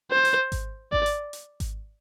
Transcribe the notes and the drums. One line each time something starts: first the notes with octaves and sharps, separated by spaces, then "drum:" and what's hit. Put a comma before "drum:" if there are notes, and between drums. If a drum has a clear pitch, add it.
C5
drum: hi-hat
drum: kick G#1, hi-hat
D5, drum: kick G#1
drum: hi-hat
drum: hi-hat
drum: kick G#1, hi-hat